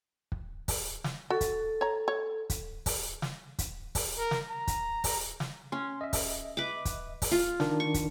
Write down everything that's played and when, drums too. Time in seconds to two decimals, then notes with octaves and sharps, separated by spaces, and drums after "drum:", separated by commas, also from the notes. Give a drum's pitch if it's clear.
0.32 drum: kick
0.68 drum: kick, open hi-hat
1.04 drum: snare
1.30 F#4 A4
1.41 drum: kick, hi-hat
1.81 C#5 A#5
2.08 C#5
2.50 drum: kick, hi-hat
2.86 drum: kick, open hi-hat
3.22 drum: snare
3.59 drum: kick, hi-hat
3.95 drum: kick, open hi-hat
4.18 A#4
4.31 drum: snare
4.49 A#5
4.67 drum: kick, hi-hat
5.04 drum: kick, open hi-hat
5.40 drum: snare
5.72 C#4 C6
6.01 D#5 E5
6.13 drum: kick, open hi-hat
6.57 B4 D6
6.85 drum: kick, hi-hat
7.22 drum: kick, open hi-hat
7.31 F4
7.60 D#3 D4, drum: snare
7.80 C#6
7.94 drum: kick, hi-hat